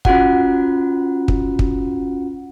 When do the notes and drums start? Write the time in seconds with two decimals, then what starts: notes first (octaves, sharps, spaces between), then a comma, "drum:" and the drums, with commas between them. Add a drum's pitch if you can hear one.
0.05 C#4 F4 F#4 F#5, drum: kick
1.28 drum: kick
1.59 drum: kick